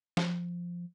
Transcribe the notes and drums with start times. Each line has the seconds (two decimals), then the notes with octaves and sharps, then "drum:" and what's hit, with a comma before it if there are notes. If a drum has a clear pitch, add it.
0.17 F3, drum: snare